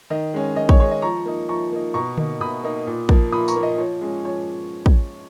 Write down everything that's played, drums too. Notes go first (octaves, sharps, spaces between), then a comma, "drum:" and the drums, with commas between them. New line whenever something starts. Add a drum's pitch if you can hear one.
D#3 D#5
G#3 C#4
D#3 D#5
C#5, drum: kick
G#3 C#4 C#5
D#5
F3 A#5 C#6
A#3 D#4
F3 A#5 C#6
A#3 D#4
B2 A#5 C#6
A#3 D#4, drum: tom D3
B2 B5 D#6
A#3 D#4
A#2
F3 A#3, drum: kick
A#2 B5 D#6
A#5 C#6, drum: tambourine
F3 A#3
D#5
F3 C#5
G#3 C#4
F3 C#5
drum: kick